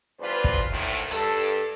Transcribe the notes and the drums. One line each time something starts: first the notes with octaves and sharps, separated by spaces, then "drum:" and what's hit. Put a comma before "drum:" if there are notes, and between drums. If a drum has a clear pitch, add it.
E2 G2 F4 B4 C5 D5
drum: kick
D2 A2 D#3
G2 A4, drum: hi-hat